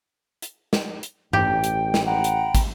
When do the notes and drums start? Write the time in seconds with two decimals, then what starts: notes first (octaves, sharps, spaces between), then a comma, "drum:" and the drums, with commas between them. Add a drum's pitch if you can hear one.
0.42 drum: hi-hat
0.73 drum: snare
1.03 drum: hi-hat
1.33 A1 G4 G5, drum: tom G2
1.64 drum: hi-hat
1.94 drum: snare
2.06 F#5 G5 A#5 B5
2.24 drum: hi-hat
2.55 drum: kick, hi-hat